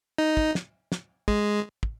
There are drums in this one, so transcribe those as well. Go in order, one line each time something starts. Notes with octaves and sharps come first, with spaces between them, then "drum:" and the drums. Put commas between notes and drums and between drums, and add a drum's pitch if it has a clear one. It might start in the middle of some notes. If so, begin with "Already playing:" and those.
D#4
drum: kick
drum: snare
drum: snare
G#3, drum: kick
drum: kick